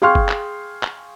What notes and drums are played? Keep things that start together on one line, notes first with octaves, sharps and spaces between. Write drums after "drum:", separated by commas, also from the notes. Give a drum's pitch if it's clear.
G#4 F5 G5 C6 C#6 F6
drum: kick F#1
drum: clap
drum: clap